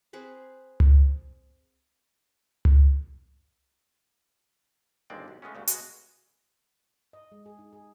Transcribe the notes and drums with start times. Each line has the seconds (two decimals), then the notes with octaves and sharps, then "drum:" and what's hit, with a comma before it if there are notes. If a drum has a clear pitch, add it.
0.13 C4 G#4 B4 C5
0.80 drum: tom C#2
2.65 drum: tom C#2
5.10 G1 D#2 G#3 C4 D5
5.28 B1
5.42 C#3 G#3 A3 B3 C#4
5.55 D2 G2 C#3
5.67 B2 G#3 F#4, drum: hi-hat
7.13 D#5
7.32 G#3
7.46 G#4
7.59 D#4
7.73 G#4